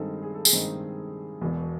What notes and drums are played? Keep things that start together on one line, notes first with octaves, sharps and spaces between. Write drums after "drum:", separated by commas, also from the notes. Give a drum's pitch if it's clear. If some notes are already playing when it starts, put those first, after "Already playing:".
Already playing: G2 D#3 G#3 C4 D#4 G#4 A4
G#4
A4
G#4, drum: tambourine
G2 D#3 G#3 C4 D#4
E1 E2 B2